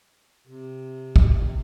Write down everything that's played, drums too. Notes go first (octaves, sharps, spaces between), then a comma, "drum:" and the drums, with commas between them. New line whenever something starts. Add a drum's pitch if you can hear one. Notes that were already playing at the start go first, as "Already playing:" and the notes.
C3
drum: kick